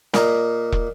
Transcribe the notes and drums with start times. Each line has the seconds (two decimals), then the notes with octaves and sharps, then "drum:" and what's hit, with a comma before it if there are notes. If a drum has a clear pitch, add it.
0.14 A#2 D#5 A#5, drum: snare
0.72 drum: kick